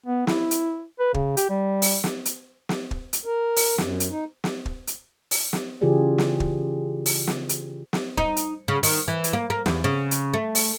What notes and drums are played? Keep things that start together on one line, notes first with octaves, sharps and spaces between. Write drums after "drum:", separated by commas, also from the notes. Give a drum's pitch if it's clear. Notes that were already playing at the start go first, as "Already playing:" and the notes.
B3
E4, drum: snare
drum: hi-hat
B4
C#3, drum: kick
G4, drum: hi-hat
G3
drum: open hi-hat
drum: snare
drum: hi-hat
drum: snare
drum: kick
drum: hi-hat
A#4
drum: open hi-hat
F#2, drum: snare
drum: hi-hat
D#4
drum: snare
drum: kick
drum: hi-hat
drum: open hi-hat
drum: snare
C#3 E3 F4 G4 G#4 D5
drum: snare
drum: kick
drum: open hi-hat
drum: snare
drum: hi-hat
drum: snare
D#4, drum: kick
drum: hi-hat
C#3
D#3, drum: open hi-hat
E3
drum: hi-hat
A#3
A#3
E2, drum: snare
C#3
drum: hi-hat
A3
drum: open hi-hat